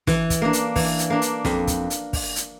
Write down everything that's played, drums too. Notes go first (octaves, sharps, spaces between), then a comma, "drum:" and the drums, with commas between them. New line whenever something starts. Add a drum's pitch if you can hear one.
E3, drum: snare
drum: kick, hi-hat
A#3 D4
drum: hi-hat
E3, drum: kick, open hi-hat
drum: hi-hat
A#3 D4
drum: hi-hat
F2, drum: snare
drum: kick, hi-hat
drum: hi-hat
drum: kick, open hi-hat
drum: hi-hat